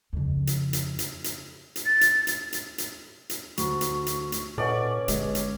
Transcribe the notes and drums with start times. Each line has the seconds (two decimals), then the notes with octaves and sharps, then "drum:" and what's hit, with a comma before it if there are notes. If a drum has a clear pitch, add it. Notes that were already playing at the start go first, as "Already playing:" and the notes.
0.13 F2 C#3
0.47 drum: hi-hat
0.73 drum: hi-hat
0.99 drum: hi-hat
1.24 drum: hi-hat
1.76 drum: hi-hat
1.85 A6
2.01 drum: hi-hat
2.27 drum: hi-hat
2.53 drum: hi-hat
2.78 drum: hi-hat
3.30 drum: hi-hat
3.57 D2 C#6, drum: hi-hat
3.81 drum: hi-hat
4.06 drum: hi-hat
4.32 drum: hi-hat
4.58 A#2 C#4 A4 B4 D5 D#5 F#5
5.08 G1 G#3, drum: hi-hat
5.35 drum: hi-hat